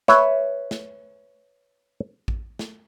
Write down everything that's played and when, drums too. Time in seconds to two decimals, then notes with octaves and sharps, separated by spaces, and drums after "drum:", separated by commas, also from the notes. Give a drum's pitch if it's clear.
0.08 B4 C#5 E5, drum: snare
0.71 drum: snare
2.28 drum: kick A1
2.59 drum: snare